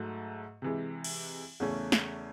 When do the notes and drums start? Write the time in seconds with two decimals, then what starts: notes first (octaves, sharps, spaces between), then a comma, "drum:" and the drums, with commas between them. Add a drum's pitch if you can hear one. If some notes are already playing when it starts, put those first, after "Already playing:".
Already playing: G#2 F#3 A3
0.62 C3 E3 G#3
1.04 drum: cymbal
1.60 E2 C#3 E3 A3 C#4
1.92 drum: snare